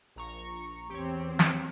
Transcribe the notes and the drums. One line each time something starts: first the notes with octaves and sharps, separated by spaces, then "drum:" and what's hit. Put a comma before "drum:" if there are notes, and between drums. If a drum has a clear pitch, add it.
A#1 A#5 C#6
E2 C4 G4 C#5
drum: snare